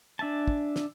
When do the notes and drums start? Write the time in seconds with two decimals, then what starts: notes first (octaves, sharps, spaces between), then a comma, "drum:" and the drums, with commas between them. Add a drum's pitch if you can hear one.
0.19 D4 E5 G#5 A5
0.48 drum: kick
0.76 drum: snare